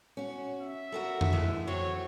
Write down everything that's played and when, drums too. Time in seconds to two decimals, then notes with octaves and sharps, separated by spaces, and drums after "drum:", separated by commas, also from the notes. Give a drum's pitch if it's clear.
0.17 C#4 F#4
0.60 E5
0.92 C#4 D4 F#4 A4 A#4 F#5
1.21 drum: tom F2
1.33 E3 G#3 A3
1.67 F#3 C4 F#4 C#5